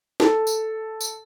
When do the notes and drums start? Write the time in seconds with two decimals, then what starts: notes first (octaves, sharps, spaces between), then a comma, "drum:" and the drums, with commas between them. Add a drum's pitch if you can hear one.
0.20 A4, drum: snare
0.47 drum: tambourine
1.01 drum: tambourine